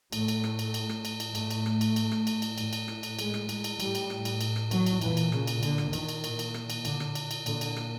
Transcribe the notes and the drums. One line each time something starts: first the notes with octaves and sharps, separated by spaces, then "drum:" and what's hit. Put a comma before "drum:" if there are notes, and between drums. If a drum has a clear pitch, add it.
A2 A3, drum: cymbal
drum: cymbal
drum: rim click
drum: cymbal
drum: cymbal
drum: rim click
drum: cymbal
drum: cymbal
A2 A3, drum: cymbal
drum: cymbal
drum: rim click
drum: cymbal
drum: cymbal
drum: rim click
drum: cymbal
drum: cymbal
A2, drum: cymbal
drum: cymbal
drum: rim click
drum: cymbal
G#3, drum: cymbal
drum: rim click
G#3, drum: cymbal
drum: cymbal
A2 G3, drum: cymbal
drum: cymbal
drum: rim click
drum: cymbal
drum: cymbal
drum: rim click
F#3, drum: cymbal
drum: cymbal
A#2 E3, drum: cymbal
drum: cymbal
C#3, drum: rim click
drum: cymbal
D3, drum: cymbal
drum: rim click
D#3, drum: cymbal
drum: cymbal
A#2, drum: cymbal
drum: cymbal
drum: rim click
drum: cymbal
D3, drum: cymbal
drum: rim click
drum: cymbal
drum: cymbal
A#2 D3, drum: cymbal
drum: cymbal
drum: rim click